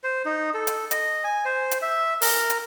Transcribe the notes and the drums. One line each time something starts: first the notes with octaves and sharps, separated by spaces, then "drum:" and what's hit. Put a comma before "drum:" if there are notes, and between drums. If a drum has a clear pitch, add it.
C5
D#4
A4
drum: hi-hat
D#5, drum: hi-hat
G#5
C5
drum: hi-hat
E5
A#4, drum: open hi-hat
drum: hi-hat